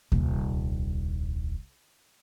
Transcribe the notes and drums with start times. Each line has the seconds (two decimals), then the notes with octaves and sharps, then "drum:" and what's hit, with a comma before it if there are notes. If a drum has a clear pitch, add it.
0.12 D#1 C2, drum: kick D#2